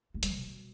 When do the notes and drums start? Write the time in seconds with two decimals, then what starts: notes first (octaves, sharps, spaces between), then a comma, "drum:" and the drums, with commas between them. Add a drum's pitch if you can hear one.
0.14 A3
0.23 G3, drum: hi-hat
0.36 B2